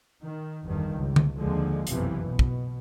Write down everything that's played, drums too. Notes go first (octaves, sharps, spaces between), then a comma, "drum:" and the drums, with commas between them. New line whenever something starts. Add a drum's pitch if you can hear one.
D#3
G1 E2 G2 D#3
C#2
drum: tom D3
D#2 D3 F3 G#3
F#1 B1 F2 C3 E3 F3, drum: hi-hat
B2
drum: kick